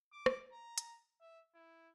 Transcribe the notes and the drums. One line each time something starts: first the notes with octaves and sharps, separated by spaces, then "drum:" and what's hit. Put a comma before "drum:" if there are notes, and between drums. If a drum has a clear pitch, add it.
D6
drum: rim click
A#5
drum: hi-hat
E5
E4